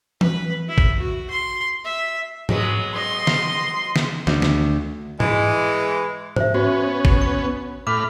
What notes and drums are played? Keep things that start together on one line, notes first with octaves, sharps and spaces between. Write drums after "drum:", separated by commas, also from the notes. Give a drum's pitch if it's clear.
B4, drum: tom E3
E4
drum: kick G#1
F#4
C6
E5
F#3 G#3 B3, drum: tom G#2
D#5 C6
drum: snare
drum: snare
D2, drum: snare
drum: snare
E3 G#3, drum: tom G#2
C5 E5, drum: tom G#2
B3 C#4 F#4
drum: kick G#1
C#6
A2 B5 D6 F6